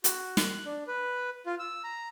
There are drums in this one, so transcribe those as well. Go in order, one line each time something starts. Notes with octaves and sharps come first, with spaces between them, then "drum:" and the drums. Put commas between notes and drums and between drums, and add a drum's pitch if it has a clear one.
F#4, drum: hi-hat
F#6, drum: snare
D4
B4
F4
E6
A#5